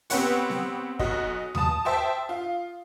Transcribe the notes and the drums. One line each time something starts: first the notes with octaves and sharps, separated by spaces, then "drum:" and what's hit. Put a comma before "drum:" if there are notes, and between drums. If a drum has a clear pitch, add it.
B3 C4 G4 B4 C#5 F#5, drum: hi-hat
drum: snare C4
B1 F#4 D#5, drum: kick
A5 D#6, drum: tom D#2
C5 E5 G5 A5
F4